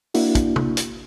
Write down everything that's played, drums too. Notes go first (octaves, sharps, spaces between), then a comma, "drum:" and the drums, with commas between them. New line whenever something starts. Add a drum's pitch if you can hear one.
A#3 D4 E4 F#4, drum: open hi-hat
drum: kick, hi-hat
drum: tom
drum: hi-hat